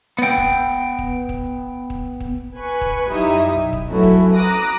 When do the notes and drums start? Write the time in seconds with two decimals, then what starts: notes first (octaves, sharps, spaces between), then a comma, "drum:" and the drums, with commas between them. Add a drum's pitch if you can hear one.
0.19 B3 G5
0.38 drum: kick
0.99 drum: kick
1.29 drum: kick
1.90 drum: kick
2.20 drum: kick
2.55 B4 G#5 B5 C#6
2.81 drum: kick
3.08 F#2 G3 D#4 E4 E5 D#6
3.52 B1
3.73 drum: kick
3.89 F#3 A3 C#4 E4 F#4 B4
4.03 drum: kick
4.34 A#5 D6 D#6 F#6 A#6